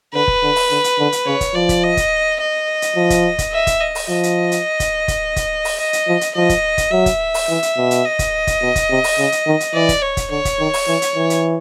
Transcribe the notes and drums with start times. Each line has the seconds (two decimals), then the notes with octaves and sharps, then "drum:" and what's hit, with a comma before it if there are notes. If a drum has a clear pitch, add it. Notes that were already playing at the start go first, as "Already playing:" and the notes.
0.14 D3 B4
0.28 drum: kick
0.42 D3
0.56 drum: open hi-hat
0.70 D3
0.84 drum: hi-hat
0.99 D3
1.12 drum: hi-hat
1.26 C#3 C#5
1.41 drum: kick, hi-hat
1.54 F3 D5
1.69 drum: kick, hi-hat
1.84 D#5
1.97 drum: kick, hi-hat
2.40 D#5
2.82 drum: hi-hat
2.96 F3
3.10 drum: kick, hi-hat
3.39 drum: kick, hi-hat
3.52 E5
3.67 drum: kick, hi-hat
3.81 D#5
3.95 drum: open hi-hat
4.09 F3 D#5
4.23 drum: hi-hat
4.52 drum: hi-hat
4.80 drum: kick, hi-hat
5.08 drum: kick, hi-hat
5.36 drum: kick, hi-hat
5.65 drum: open hi-hat
5.79 D#5
5.93 drum: hi-hat
6.08 F3
6.21 drum: hi-hat
6.35 F3 D#5
6.49 drum: kick, hi-hat
6.78 drum: kick, hi-hat
6.91 F#3 E5
7.06 drum: kick, hi-hat
7.34 drum: open hi-hat
7.49 E3
7.63 drum: hi-hat
7.77 B2
7.91 drum: hi-hat
8.06 D#5
8.19 drum: kick, hi-hat
8.47 drum: kick, hi-hat
8.62 B2
8.76 drum: kick, hi-hat
8.90 C3
9.04 drum: open hi-hat
9.18 C#3
9.32 drum: hi-hat
9.46 D#3
9.60 drum: hi-hat
9.74 E3 D5
9.89 drum: kick, hi-hat
10.02 C#5
10.17 drum: kick, hi-hat
10.30 D3 C#5
10.45 drum: kick, hi-hat
10.59 D#3
10.73 drum: open hi-hat
10.88 E3
11.02 drum: hi-hat
11.16 E3
11.30 drum: hi-hat